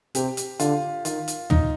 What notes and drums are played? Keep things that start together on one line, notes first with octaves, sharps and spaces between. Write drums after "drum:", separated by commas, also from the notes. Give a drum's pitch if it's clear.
C3 G4, drum: hi-hat
drum: hi-hat
D3 F4, drum: hi-hat
D#3 F4, drum: hi-hat
drum: hi-hat
D#4, drum: tom